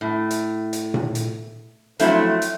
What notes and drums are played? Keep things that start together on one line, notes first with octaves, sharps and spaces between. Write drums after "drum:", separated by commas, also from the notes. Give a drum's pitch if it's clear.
A2
drum: hi-hat
drum: hi-hat
drum: tom A#2
drum: hi-hat
F3 F#3 A3 C4 E4, drum: hi-hat
drum: hi-hat